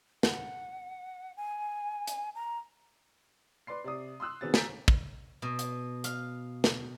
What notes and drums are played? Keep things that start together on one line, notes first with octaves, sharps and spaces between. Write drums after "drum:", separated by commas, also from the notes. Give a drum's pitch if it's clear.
F#5, drum: snare
G#5
drum: hi-hat
A#5
B4 D5 C6 C7
C3 D5 D#6
C6 D#6 E6 F#6
B2 D#3 B3 C4 G#4 A6
G#5 A#5 G6 A6 B6 D7, drum: snare
drum: kick
B2
drum: hi-hat
F5, drum: hi-hat
drum: snare